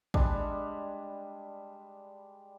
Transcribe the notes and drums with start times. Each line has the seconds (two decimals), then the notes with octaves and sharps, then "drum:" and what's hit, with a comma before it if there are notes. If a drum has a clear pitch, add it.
0.14 G3 G#3 D4, drum: kick